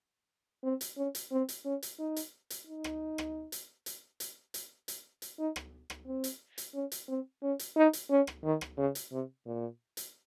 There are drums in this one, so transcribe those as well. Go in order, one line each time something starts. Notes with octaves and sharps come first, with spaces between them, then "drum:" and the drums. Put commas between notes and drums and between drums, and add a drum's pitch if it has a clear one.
C4
drum: hi-hat
C#4
drum: hi-hat
C4
drum: hi-hat
C#4
drum: hi-hat
D#4
drum: hi-hat
drum: hi-hat
D#4
drum: rim click
drum: rim click
drum: hi-hat
drum: hi-hat
drum: hi-hat
drum: hi-hat
drum: hi-hat
drum: hi-hat
D#4
drum: rim click
drum: rim click
C4
drum: hi-hat
drum: hi-hat
C#4
drum: hi-hat
C4
C#4
drum: hi-hat
D#4
drum: hi-hat
C#4
drum: rim click
D#3
drum: rim click
C#3
drum: hi-hat
C3
A#2
drum: hi-hat